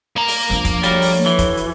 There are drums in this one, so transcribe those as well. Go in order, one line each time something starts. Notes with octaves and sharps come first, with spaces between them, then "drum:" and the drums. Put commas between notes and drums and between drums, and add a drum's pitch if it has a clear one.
A#3 A#5
drum: open hi-hat
F3 D4
drum: kick F1, hi-hat
G3 A3 F#4 A#4 C#5, drum: hi-hat
drum: open hi-hat
E3
drum: kick F1, hi-hat
drum: hi-hat